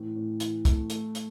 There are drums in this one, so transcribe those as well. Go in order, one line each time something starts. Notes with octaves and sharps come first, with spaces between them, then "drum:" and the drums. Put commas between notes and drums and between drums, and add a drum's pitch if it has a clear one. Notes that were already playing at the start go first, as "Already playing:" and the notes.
Already playing: A2 E3
A2
E3, drum: hi-hat
A3, drum: kick, hi-hat
A3, drum: hi-hat
drum: hi-hat